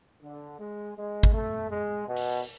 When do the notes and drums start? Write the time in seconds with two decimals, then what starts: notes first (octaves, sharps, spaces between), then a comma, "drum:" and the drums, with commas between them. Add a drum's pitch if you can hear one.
0.22 D3
0.58 G#3
0.97 G#3
1.23 drum: kick G#1
1.33 A3
1.70 G#3
2.07 B2
2.17 drum: open hi-hat